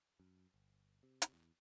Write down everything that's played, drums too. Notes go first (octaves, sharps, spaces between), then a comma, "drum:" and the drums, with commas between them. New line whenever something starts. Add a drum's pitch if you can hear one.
F#2
G1
C3
drum: hi-hat
E2